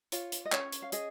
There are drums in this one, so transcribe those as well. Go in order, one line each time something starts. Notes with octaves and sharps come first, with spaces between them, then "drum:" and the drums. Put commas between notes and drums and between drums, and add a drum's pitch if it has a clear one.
F4 C#5, drum: hi-hat
drum: hi-hat
D#5
C#4 C#5, drum: clap
drum: hi-hat
F5
G#4 D#5, drum: hi-hat